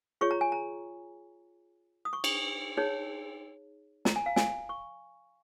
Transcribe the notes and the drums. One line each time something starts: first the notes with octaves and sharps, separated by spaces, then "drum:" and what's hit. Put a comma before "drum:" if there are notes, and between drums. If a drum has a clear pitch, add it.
F4 G#4 C#5 C#6
A#5
G#5
A#5
D#6
C#6
drum: cymbal
D#4 G#4 C#5
A#5, drum: snare
G#5
F5
G#5, drum: snare
C#6